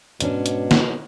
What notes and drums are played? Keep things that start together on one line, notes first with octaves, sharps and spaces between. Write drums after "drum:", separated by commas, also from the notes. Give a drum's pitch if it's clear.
G#2 B2 C#4 D4, drum: hi-hat
drum: hi-hat
drum: snare